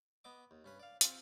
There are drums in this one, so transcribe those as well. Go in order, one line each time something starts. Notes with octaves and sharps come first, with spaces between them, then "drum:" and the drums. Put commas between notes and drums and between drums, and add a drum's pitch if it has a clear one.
B3 D#5 D6
D#2
G2 C#4 B4
D5 F5
C4 F4, drum: hi-hat